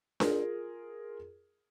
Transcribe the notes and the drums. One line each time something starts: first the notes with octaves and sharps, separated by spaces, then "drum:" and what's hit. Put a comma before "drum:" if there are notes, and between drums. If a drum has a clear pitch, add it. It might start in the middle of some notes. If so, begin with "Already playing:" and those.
F4 G#4 A#4, drum: snare D4